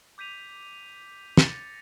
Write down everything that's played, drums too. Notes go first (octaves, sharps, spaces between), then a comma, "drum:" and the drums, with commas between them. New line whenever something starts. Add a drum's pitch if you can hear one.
D6 G6 B6 D#7 F7
A6 A#6 C#7, drum: snare